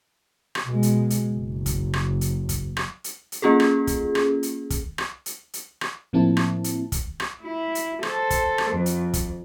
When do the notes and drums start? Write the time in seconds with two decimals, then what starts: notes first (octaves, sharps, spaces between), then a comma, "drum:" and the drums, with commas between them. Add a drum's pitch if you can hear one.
0.55 drum: rim click
0.66 B2 G#3
0.83 drum: hi-hat
1.10 drum: hi-hat
1.31 F#1
1.66 drum: kick, hi-hat
1.93 drum: rim click
2.21 drum: hi-hat
2.49 drum: kick, hi-hat
2.77 drum: rim click
3.04 drum: hi-hat
3.32 drum: hi-hat
3.42 A#3 C#4 F4 G#4 A4
3.60 drum: rim click
3.87 drum: kick, hi-hat
4.15 drum: rim click
4.43 drum: hi-hat
4.70 drum: kick, hi-hat
4.98 drum: rim click
5.26 drum: hi-hat
5.53 drum: hi-hat
5.81 drum: rim click
6.13 A2 F3 A#3 C4 E4 A5
6.37 drum: rim click
6.64 drum: hi-hat
6.92 drum: kick, hi-hat
7.20 drum: rim click
7.43 E4
7.75 drum: hi-hat
8.03 A4 C5, drum: rim click
8.30 drum: kick, hi-hat
8.58 drum: rim click
8.71 F2
8.86 drum: hi-hat
9.14 drum: kick, hi-hat